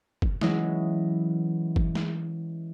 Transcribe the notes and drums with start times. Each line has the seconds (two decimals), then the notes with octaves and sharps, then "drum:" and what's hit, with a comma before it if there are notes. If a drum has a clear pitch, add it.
0.22 drum: kick F#1
0.41 E3 F#3 G#3 C#4 E4, drum: snare
1.76 drum: kick F#1
1.95 drum: snare